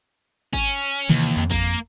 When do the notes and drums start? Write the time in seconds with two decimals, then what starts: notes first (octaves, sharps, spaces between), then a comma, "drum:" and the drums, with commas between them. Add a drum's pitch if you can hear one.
0.53 C#4, drum: kick G#1
1.09 D#2 C3 D#3 E3
1.37 F2, drum: clap
1.51 A#3, drum: kick G#1